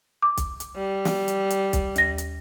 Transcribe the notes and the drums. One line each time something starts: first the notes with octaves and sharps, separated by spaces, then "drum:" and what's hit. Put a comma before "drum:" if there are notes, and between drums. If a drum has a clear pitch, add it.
D6
drum: kick B1, hi-hat
drum: hi-hat
G3
drum: snare
drum: hi-hat
drum: hi-hat
drum: kick B1, hi-hat
D#2 A#6, drum: hi-hat
drum: hi-hat